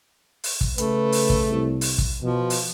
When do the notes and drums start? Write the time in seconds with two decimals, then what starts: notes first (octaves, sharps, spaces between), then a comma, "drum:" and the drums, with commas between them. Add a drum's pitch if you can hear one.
0.44 drum: open hi-hat
0.61 drum: kick
0.78 C#3 A3 B4, drum: hi-hat
1.12 drum: open hi-hat
1.30 drum: kick
1.50 C2
1.81 drum: open hi-hat
1.98 drum: kick
2.22 B2 F3
2.50 drum: open hi-hat